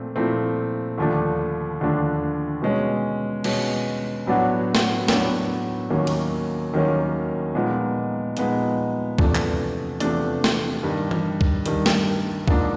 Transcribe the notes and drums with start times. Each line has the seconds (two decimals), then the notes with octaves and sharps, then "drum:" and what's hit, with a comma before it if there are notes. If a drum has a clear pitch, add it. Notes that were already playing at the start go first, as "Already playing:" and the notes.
Already playing: A#2 F3 A3 C4
0.16 A#2 F3 A3 C4 E4
0.98 D#2 D3 F3 A3 D4
1.81 D#2 D3 F3 A3 D4
2.62 B2 G#3 C#4
3.44 B2 G#3 C#4, drum: cymbal
4.27 A2 F#3 B3 D4 F#4
4.75 drum: snare
5.08 A2 F#3 B3 D4 F#4, drum: snare
5.90 D#2 D#3 F#3 A#3 C#4
6.07 drum: cymbal
6.73 D#2 D#3 F#3 A#3 C#4
7.55 A#2 F3 G#3 B3 D#4
8.37 A#2 F3 G#3 B3 D#4, drum: hi-hat
9.18 E2 C3 F3 A3 D4, drum: kick
9.35 drum: clap
10.00 E2 C3 F3 A3 D4, drum: hi-hat
10.44 drum: snare
10.83 G2 D#3 G3
11.11 drum: tom E3
11.41 drum: kick
11.66 G2 D#3 G3, drum: hi-hat
11.86 drum: snare
12.48 G#2 F3 A#3 D4, drum: kick